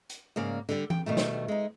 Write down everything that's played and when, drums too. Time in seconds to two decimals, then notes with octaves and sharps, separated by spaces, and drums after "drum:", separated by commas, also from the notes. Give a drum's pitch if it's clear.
0.10 drum: hi-hat
0.36 G#2 C#3 A#3 D5
0.69 D3 G3
0.90 G5, drum: tom E3
1.06 B2 D#3 G3 A3
1.17 drum: snare
1.48 G#3 D#4